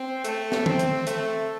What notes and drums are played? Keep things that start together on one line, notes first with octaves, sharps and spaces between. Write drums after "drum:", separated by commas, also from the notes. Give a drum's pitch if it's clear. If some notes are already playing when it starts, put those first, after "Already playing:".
Already playing: C4
A3, drum: hi-hat
drum: snare
C4, drum: tom
drum: hi-hat
A3, drum: hi-hat